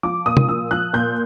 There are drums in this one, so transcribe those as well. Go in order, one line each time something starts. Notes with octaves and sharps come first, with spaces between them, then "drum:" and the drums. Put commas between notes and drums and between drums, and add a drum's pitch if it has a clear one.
F3 D6
A#2 D#6
drum: tom
F3 E6
F3 F#6
A#2 G6